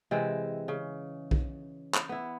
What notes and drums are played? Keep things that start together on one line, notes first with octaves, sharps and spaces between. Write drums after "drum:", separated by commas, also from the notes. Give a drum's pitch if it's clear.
C3 E3 G#3 C4
C#3
drum: kick B1
drum: clap
B3 E4